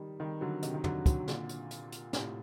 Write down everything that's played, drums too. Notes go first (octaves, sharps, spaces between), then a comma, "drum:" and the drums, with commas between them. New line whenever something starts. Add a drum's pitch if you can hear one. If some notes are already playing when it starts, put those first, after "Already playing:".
Already playing: D#3 G3
D#3 G3
D3 F#3
C3 D#3, drum: hi-hat
D#3
D3 F#3, drum: tom
D3 F#3, drum: kick, hi-hat
A#2 D3, drum: snare
drum: hi-hat
drum: hi-hat
drum: hi-hat
A2 C3, drum: snare